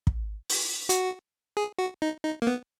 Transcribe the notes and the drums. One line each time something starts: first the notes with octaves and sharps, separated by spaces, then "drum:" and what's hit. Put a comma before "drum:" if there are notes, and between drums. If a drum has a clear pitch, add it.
drum: kick
drum: open hi-hat
F#4, drum: hi-hat
G#4
F#4
D#4
D#4
A#3
B3